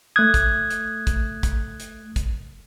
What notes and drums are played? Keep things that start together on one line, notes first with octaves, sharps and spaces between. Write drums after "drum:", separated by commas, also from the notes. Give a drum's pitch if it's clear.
A3 D#6 F#6 G#6
drum: kick, hi-hat
drum: hi-hat
drum: kick, hi-hat
drum: kick, hi-hat
drum: hi-hat
drum: kick, hi-hat